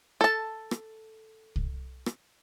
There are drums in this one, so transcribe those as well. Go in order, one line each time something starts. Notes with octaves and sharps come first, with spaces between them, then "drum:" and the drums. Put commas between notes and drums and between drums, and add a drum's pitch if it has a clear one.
A4 A5
drum: rim click
drum: kick C2
drum: rim click